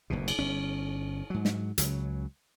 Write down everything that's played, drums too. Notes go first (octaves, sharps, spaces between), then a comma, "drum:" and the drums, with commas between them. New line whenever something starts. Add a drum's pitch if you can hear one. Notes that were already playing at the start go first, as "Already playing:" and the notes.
F#1 D2 B2
drum: cymbal
G1 C#4
G#2 F#3
drum: snare
C#2 C#3 F#3, drum: hi-hat